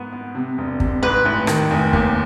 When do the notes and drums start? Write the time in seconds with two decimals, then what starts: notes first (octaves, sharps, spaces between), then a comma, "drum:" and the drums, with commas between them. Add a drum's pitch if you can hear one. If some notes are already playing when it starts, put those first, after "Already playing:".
Already playing: G#2 B3
0.13 B3
0.35 C3
0.58 E1
0.80 C3, drum: kick
1.03 G#2 B4
1.25 A1
1.47 D#3, drum: rim click
1.71 F1
1.93 D#2, drum: kick